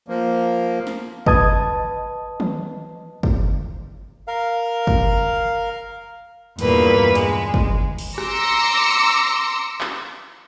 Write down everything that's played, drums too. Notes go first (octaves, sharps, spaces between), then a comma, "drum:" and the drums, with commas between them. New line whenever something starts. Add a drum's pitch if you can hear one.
F3 A#3
drum: snare
B4 D#5 A5 D#6 G#6, drum: kick
drum: tom D#3
drum: kick
A#4 F5
drum: kick
E2 G2 A#2 A#3 B4, drum: hi-hat
G#3, drum: hi-hat
drum: kick
drum: open hi-hat
A#5 C6 D6 E6 A#6 C#7, drum: rim click
drum: clap